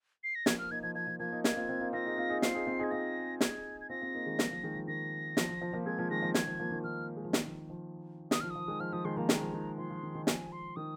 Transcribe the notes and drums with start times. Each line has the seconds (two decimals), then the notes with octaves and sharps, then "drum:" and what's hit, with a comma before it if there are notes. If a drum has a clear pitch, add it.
0.24 C7
0.35 A#6
0.46 F3 A#3 G#6, drum: snare
0.59 F6
0.71 A#3 D#4 G#6
0.83 F3 G#6
0.95 F3 G#6
1.07 F3
1.19 F3 A#3 G#6
1.32 A#3 D#4
1.44 A#3 D#4 G#6, drum: snare
1.56 C4 F4
1.69 C4 F4
1.81 A#3 D#4
1.93 C4 F4 A#6
2.05 D#4 G#4
2.18 C4 F4
2.30 D#4 G#4
2.42 C4 F4 C7, drum: snare
2.54 D#4 G#4
2.67 C4 F4
2.79 D#4 G#4 G#6
2.91 C4 F4 A#6
3.41 D#4 G#4 G#6, drum: snare
3.81 G#6
3.90 C4 F4 A#6
4.02 C4 F4
4.14 A#3 D#4
4.26 D#3 G#3
4.39 F3 A#3, drum: snare
4.50 F3 A#3
4.63 D#3 G#3
4.76 F3
4.88 D#3 A#6
5.37 F3, drum: snare
5.49 F3
5.61 F3
5.73 F3 A#3
5.86 G#3 C4 G#6
5.98 F3 A#3
6.10 D#3 G#3 A#6
6.23 F3
6.34 D#3 G#6, drum: snare
6.47 F3
6.60 F3 A#3
6.72 D#3
6.84 D#3 F6
7.17 G#3
7.25 F3
7.33 D#3, drum: snare
7.46 F3
7.70 F3
8.31 D#3 D#6, drum: snare
8.41 F3 F6
8.50 D#6
8.56 F3
8.68 D#3 G#3
8.80 F3 F6
8.92 F3 D#6
9.05 D#3 G#3 C6
9.17 F3 A#3 A#5
9.29 D#3 G#3, drum: snare
9.41 F3
9.54 D#3
9.78 F3 C6
9.90 F3
10.03 D#3
10.15 D#3
10.27 F3 G#5, drum: snare
10.52 C6
10.76 D#3 D#6